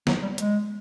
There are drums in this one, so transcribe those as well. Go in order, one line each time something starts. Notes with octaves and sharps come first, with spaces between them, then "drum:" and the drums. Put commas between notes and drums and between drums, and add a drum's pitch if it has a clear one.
F#3, drum: snare
G3
G#3, drum: hi-hat